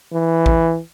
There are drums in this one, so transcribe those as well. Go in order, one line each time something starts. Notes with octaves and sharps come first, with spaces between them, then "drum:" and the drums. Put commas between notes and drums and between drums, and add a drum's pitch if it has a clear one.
E3
drum: kick